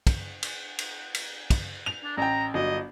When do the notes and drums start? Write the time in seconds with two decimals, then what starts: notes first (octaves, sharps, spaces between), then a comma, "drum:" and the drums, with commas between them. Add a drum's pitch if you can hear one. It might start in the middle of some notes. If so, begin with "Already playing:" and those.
0.07 drum: kick, cymbal
0.43 drum: cymbal
0.79 drum: cymbal
1.14 drum: cymbal
1.50 drum: kick, cymbal
1.86 F7
2.04 D4
2.17 A1 G5 A#5
2.54 G1 F#3 D#5